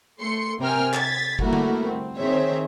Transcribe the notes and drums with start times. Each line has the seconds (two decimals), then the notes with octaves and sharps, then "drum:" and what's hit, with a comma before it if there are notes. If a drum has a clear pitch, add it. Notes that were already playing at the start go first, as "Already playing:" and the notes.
0.20 A3 C6 C#7
0.60 C3 C4 A#4 G5 G#5 F6
0.93 G#6 A6 B6, drum: clap
1.39 G3 A3 A#3 E4 F#4 A#4, drum: kick F#1
1.53 drum: tom D3
1.85 C4
2.18 D#3 C4 G#4 C5 C#5 E5